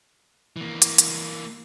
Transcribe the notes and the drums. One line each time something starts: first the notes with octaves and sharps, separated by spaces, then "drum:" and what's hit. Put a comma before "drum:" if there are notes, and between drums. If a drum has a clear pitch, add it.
E3 A#3
drum: hi-hat
drum: hi-hat